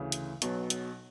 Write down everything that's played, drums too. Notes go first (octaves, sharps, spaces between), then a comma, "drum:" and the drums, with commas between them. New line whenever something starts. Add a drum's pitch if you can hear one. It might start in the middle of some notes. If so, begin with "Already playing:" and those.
Already playing: D2 C#3 E3
drum: hi-hat
B1 B2 F#3, drum: hi-hat
drum: hi-hat